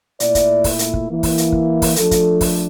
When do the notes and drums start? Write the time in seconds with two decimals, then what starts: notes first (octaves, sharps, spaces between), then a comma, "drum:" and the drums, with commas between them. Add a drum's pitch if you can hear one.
0.20 A#2 A3 E4 D5, drum: hi-hat
0.35 drum: kick, hi-hat
0.64 drum: kick, open hi-hat
0.79 drum: hi-hat
0.94 drum: kick
1.08 E3 A#3 E4
1.23 drum: kick, open hi-hat
1.38 drum: hi-hat
1.52 drum: kick
1.82 drum: kick, open hi-hat
1.96 F3 A3 D4 A4, drum: hi-hat
2.11 drum: kick, hi-hat
2.41 drum: kick, open hi-hat